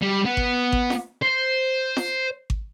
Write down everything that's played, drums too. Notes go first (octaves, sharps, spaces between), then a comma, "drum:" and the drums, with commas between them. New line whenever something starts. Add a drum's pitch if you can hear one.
G3
B3
drum: kick G#1
drum: kick G#1
drum: snare F4
C5
drum: snare F4
drum: kick G#1